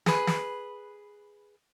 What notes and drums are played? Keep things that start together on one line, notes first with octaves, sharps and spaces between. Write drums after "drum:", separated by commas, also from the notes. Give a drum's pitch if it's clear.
G#4 B4, drum: snare
drum: snare